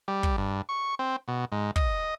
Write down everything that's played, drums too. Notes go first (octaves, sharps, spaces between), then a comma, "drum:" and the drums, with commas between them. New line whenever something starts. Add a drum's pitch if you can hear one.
G3
drum: kick
G2
C#6
C4
B2
G#2
D#5, drum: kick